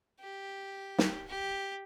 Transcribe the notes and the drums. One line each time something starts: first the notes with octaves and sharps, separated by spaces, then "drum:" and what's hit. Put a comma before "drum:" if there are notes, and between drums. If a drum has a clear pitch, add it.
G4
drum: snare
G4